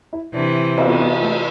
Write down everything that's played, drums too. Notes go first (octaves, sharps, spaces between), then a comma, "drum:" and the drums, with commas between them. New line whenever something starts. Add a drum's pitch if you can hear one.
E4
C3 E3 D4
C4, drum: cymbal
B3
C4
B3
A3